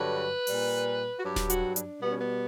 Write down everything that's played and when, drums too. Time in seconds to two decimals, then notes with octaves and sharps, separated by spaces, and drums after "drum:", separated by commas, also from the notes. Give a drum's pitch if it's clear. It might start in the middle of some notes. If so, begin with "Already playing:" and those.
Already playing: G2 D3 F#3 B4
0.47 A#2 G3, drum: open hi-hat
1.19 F#4
1.24 G2 F#3 G4
1.36 drum: snare D#1
1.50 F#4, drum: hi-hat
1.76 D4, drum: hi-hat
2.01 B2 G3 B3
2.11 C#4
2.21 B3